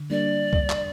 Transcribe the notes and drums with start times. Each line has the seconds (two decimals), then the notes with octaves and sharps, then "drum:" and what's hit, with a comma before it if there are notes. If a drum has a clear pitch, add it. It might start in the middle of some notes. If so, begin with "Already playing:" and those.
Already playing: D3
0.10 G3 A#3 D4 D5
0.53 drum: kick C#2
0.70 drum: clap